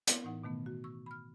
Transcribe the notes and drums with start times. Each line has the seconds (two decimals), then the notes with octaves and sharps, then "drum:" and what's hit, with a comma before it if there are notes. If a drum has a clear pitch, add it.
0.07 B3 E4 A#4 F5, drum: hi-hat
0.24 A2 E3 D#4 F#5
0.43 B2 D#3 A3 B3
0.66 F#4
0.84 C#6 E6
1.06 B5 F6